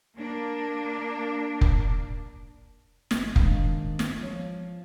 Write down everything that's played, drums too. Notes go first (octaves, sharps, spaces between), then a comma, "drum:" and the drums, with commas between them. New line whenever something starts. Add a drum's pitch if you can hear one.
A#3 D4
drum: kick F1
F#1 E2 G#3, drum: snare
G1 G#2 D#3 D4 F5, drum: kick F1
drum: snare
F3 G#3 C#5